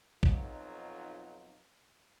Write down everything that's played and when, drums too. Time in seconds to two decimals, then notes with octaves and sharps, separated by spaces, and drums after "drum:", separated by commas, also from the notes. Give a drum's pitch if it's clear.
0.23 B1 F2 F#3 D#4 F4, drum: kick